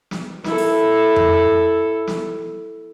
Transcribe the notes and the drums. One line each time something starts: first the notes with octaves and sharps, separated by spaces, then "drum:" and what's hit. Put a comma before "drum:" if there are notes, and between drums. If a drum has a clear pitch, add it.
drum: snare
E4 A4, drum: snare
drum: open hi-hat
drum: tom F2
drum: snare